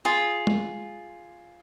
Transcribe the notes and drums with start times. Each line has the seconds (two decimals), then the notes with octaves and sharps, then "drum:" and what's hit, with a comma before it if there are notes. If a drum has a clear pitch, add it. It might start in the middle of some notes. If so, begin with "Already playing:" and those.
0.05 F4 G#4
0.47 drum: tom G#3